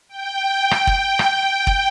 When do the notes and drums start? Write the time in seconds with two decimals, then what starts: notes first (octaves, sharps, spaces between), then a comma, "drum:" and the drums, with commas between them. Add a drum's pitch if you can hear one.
0.08 G5
0.71 drum: rim click
0.87 drum: kick
1.19 drum: rim click
1.67 drum: kick